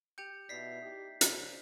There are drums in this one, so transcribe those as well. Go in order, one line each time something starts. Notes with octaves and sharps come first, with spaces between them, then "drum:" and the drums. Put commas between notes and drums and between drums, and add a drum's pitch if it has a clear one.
G4 G5 G6 C#7
B2 D#4 E4 D5 B6 C7
A3 D#4 G4
C#3 C5 D5, drum: hi-hat